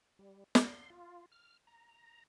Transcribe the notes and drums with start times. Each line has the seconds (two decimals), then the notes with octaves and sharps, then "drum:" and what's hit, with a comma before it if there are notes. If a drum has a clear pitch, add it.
0.19 G3
0.55 C6, drum: snare
0.90 F4
1.32 F6
1.67 A#5